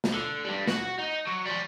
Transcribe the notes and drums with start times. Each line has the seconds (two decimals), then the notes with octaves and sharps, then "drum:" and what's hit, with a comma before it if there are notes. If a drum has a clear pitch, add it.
0.04 drum: snare
0.14 D3
0.45 G2 G3
0.67 F#4 F#5, drum: snare
0.98 D#4
1.27 F#3
1.46 F3 G3